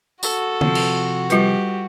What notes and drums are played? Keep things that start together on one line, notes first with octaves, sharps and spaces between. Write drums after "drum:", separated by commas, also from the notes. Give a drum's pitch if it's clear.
F#4 A4, drum: tambourine
C3 F3, drum: tom D3
drum: cymbal
G3 F4 G4 B4, drum: hi-hat